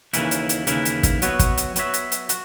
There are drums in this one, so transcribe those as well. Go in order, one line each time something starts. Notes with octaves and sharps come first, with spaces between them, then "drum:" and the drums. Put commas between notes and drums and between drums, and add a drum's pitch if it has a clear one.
D#2 C#3 E3 A#3 E4, drum: hi-hat
drum: hi-hat
drum: hi-hat
D#2 C#3 E3 A#3 E4, drum: hi-hat
drum: hi-hat
drum: kick, hi-hat
F#3 B3 F#4 C#5 E5, drum: hi-hat
drum: kick, hi-hat
drum: hi-hat
F#3 B3 F#4 C#5 E5, drum: hi-hat
drum: hi-hat
drum: hi-hat
F#4, drum: hi-hat